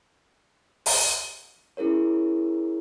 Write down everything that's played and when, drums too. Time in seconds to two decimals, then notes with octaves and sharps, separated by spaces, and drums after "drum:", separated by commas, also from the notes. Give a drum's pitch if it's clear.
0.86 drum: open hi-hat
1.77 C#4 E4 G#4 A#4 C#5